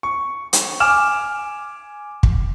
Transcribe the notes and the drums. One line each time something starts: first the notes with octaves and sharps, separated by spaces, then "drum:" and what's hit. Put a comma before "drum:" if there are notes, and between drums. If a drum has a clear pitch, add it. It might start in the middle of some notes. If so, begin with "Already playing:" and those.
C#6
drum: hi-hat
G#5 D6 F6 E7
drum: kick